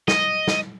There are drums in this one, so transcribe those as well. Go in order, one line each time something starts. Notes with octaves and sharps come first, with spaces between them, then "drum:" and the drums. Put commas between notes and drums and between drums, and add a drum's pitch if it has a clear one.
D#5, drum: snare
drum: snare